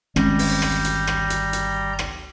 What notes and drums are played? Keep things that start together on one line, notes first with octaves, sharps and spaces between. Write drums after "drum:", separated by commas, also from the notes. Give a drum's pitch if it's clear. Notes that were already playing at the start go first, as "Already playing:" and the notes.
G1 D#3 G3 G#3 C4 C#4 A#5 G6, drum: rim click
drum: open hi-hat
drum: rim click
drum: hi-hat
drum: rim click
drum: hi-hat
drum: hi-hat
drum: rim click